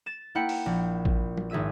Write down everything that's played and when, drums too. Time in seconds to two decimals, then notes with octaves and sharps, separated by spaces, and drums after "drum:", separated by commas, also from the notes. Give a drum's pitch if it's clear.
0.06 A6 E7
0.35 A#3 E4 F#5 G5 C#7
0.49 drum: open hi-hat
0.66 A#1
1.05 drum: kick A1
1.37 drum: tom
1.50 G#1 G#4 E5 E6 D#7